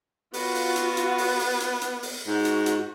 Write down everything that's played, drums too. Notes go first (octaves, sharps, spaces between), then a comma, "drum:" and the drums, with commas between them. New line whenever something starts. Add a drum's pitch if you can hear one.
B3 F4 F#4, drum: open hi-hat
drum: open hi-hat
drum: hi-hat
drum: hi-hat
drum: open hi-hat
drum: open hi-hat
drum: hi-hat
drum: hi-hat
drum: open hi-hat
G#2 F#4
drum: hi-hat
drum: hi-hat